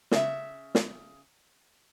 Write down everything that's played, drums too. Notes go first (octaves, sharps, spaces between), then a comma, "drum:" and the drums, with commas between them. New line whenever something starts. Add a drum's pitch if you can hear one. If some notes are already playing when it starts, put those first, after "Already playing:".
C#3 E5, drum: snare
drum: snare